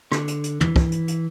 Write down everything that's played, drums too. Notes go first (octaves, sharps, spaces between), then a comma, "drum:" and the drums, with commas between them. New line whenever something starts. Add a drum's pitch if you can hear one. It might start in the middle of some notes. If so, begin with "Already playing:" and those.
D3, drum: rim click
drum: hi-hat
drum: hi-hat
E3, drum: tom
drum: kick
drum: hi-hat
drum: hi-hat